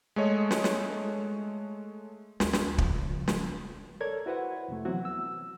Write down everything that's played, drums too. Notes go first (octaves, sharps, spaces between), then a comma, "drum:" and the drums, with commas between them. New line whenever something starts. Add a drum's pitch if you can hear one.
G#3 A3 C#5 D#5
drum: snare
drum: snare
D#2, drum: snare
drum: snare
C#3 F3, drum: kick
drum: snare
A4 A#4 C#5 D5 G#6
E4 F#4 B4 C5 F#5
F2 C3 A3
E3 F#3 B3 C4 E4 F#4
E6